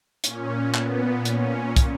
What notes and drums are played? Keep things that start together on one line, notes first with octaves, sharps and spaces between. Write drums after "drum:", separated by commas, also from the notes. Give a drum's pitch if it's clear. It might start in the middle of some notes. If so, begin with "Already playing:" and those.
A#2 C#4, drum: hi-hat
B3, drum: clap
C#4, drum: hi-hat
drum: kick, hi-hat